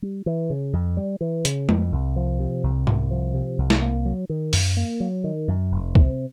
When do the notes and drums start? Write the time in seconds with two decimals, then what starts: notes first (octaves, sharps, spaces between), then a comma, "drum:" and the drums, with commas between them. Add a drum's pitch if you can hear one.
0.02 G3
0.26 E3
0.50 C#3
0.73 F2
0.97 G3
1.21 E3
1.45 C#3, drum: hi-hat
1.69 F2, drum: tom
1.92 C2
2.16 F3
2.39 C3
2.64 C2
2.87 C2, drum: tom G#2
3.11 F3
3.34 C3
3.58 C2
3.70 drum: snare
3.82 A#3
4.06 F#3
4.29 D#3
4.53 F#2, drum: open hi-hat
4.77 A#3
5.00 F#3
5.24 D#3
5.48 F#2
5.71 F1
5.95 C3, drum: kick C2